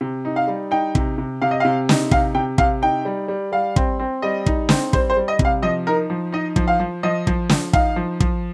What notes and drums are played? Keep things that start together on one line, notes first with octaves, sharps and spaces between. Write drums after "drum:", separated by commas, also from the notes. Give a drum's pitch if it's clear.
C3
D#4
F5
G3
D#4 G5
C3, drum: kick
C3
C3 F5
D#5
C3 F5
D#4, drum: snare
C3 F5, drum: kick
C3 G5
C3 F5, drum: kick
D#4 G5
G3
G3
G3 F5
C4, drum: kick
C4
G3 D#5
D#4, drum: kick
C4, drum: snare
G3 C5, drum: kick
C5
G3
D#5
C3, drum: kick
F5
F3 D#5
D#4 A#4
F3
D#4 D#5
F3, drum: kick
F5
F3
F3 D#5
F3, drum: kick
F3, drum: snare
D#4 F5, drum: kick
F3
F3, drum: kick